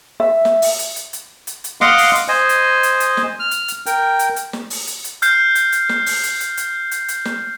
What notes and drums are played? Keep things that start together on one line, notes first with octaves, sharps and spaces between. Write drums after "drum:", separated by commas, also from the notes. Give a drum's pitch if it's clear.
E5
drum: snare
drum: open hi-hat
drum: hi-hat
drum: hi-hat
drum: hi-hat
drum: hi-hat
drum: hi-hat
D#5 F5 F#5 C6 D6, drum: snare
drum: open hi-hat
drum: hi-hat
C5 D#5 G#5
drum: hi-hat
drum: hi-hat
drum: hi-hat
drum: snare
F6
drum: hi-hat
drum: hi-hat
A#4 G5, drum: hi-hat
drum: hi-hat
drum: hi-hat
drum: snare
drum: open hi-hat
drum: hi-hat
drum: hi-hat
F6 G6 C7, drum: hi-hat
drum: hi-hat
drum: hi-hat
drum: snare
drum: open hi-hat
drum: hi-hat
drum: hi-hat
drum: hi-hat
drum: hi-hat
drum: hi-hat
drum: snare